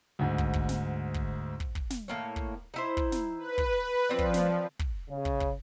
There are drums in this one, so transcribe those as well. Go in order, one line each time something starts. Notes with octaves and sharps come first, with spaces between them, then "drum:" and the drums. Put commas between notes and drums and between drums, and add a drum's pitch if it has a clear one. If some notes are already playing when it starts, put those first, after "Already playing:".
D2 G#2
drum: kick
drum: kick
drum: snare
drum: kick
drum: kick
drum: kick
drum: snare
A2 A#3 C#5
drum: kick
D#4 E4 C5
drum: kick
drum: snare
B4
drum: kick
F3 C4 D5
drum: kick
drum: snare
drum: kick
C#3
drum: kick
drum: kick